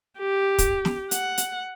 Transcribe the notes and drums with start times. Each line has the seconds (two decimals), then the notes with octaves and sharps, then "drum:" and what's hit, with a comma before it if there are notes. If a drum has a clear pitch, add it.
0.19 G4
0.58 drum: kick, hi-hat
0.85 drum: snare
1.11 F#5, drum: hi-hat
1.38 drum: hi-hat